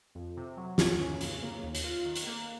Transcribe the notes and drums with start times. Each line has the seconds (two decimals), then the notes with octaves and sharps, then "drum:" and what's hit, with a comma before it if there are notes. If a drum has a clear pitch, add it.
0.15 F2
0.37 C3
0.57 F#3
0.78 D#2, drum: snare
1.00 C#4
1.21 C#3, drum: hi-hat
1.42 A#3
1.63 D#2
1.75 drum: hi-hat
1.84 F4
2.05 D#3
2.16 drum: hi-hat
2.26 A#3